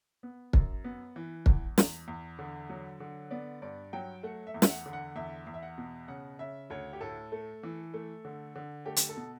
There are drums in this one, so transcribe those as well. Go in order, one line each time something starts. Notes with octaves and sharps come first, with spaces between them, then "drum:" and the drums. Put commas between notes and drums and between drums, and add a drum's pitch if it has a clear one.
B3
F#2, drum: kick
B3
E3
E2, drum: kick
E2, drum: snare
E2
D3
F#3
D3
B3 D5
G2 D5
F#3 G5
A3 F#5
E5
E2
E5, drum: snare
F#5
D3
F#5
E2 E5
E2
E5
F#5
B2
C#3 F#5
C#3 E5
D2 C#5
G4
A2 A4
A3
E3
A3
D3
D3
A3 G4
drum: hi-hat
A4
B2